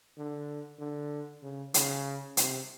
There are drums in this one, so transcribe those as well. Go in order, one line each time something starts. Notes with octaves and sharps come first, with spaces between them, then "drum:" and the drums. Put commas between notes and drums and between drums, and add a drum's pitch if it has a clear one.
D3
D3
C#3
C#3, drum: hi-hat
C3, drum: hi-hat